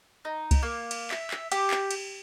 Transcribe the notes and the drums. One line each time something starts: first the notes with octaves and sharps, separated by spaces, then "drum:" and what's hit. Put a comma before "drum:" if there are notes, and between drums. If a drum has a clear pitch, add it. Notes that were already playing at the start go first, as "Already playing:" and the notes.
D#4
drum: kick C2, cymbal
A#3
drum: cymbal
E5, drum: clap
drum: clap
G4, drum: cymbal
drum: clap
drum: cymbal